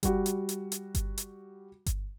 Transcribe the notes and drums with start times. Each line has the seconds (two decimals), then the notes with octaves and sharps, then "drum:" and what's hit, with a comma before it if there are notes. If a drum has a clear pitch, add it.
0.03 G3 F#4, drum: kick G1, hi-hat
0.26 drum: hi-hat
0.49 drum: hi-hat
0.72 drum: hi-hat
0.95 drum: kick G1, hi-hat
1.18 drum: hi-hat
1.86 drum: kick G1, hi-hat